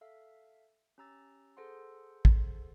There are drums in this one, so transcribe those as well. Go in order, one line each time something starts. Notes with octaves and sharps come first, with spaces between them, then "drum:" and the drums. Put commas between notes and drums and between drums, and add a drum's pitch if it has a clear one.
A4 E5 F5
C#4 G4 A#5 E6 A6
G#4 A4 C5 F#5 C6
drum: kick